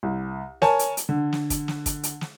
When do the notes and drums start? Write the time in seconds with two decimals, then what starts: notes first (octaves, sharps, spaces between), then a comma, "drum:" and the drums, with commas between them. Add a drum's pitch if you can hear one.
0.03 C2
0.62 A#4 C#5 G#5 A5, drum: snare
0.79 drum: hi-hat
0.97 drum: hi-hat
1.09 D3
1.33 drum: snare
1.50 drum: kick, hi-hat
1.68 drum: snare
1.86 drum: kick, hi-hat
2.03 drum: hi-hat
2.21 drum: snare